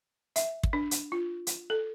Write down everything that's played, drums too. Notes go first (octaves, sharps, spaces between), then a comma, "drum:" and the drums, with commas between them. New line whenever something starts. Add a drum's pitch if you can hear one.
E5, drum: hi-hat
drum: kick
D4
drum: hi-hat
F4
drum: hi-hat
A4